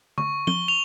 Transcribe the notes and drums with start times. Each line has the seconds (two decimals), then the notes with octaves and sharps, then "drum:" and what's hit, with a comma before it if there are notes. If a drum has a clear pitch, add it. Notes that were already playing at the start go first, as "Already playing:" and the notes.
0.18 C#6, drum: tom D3
0.47 G7, drum: tom
0.68 F7